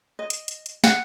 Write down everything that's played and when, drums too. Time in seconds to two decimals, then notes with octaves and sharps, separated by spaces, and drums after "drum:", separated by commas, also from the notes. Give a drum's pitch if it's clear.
0.19 D#5
0.30 drum: hi-hat
0.48 drum: hi-hat
0.66 drum: hi-hat
0.84 F#5, drum: snare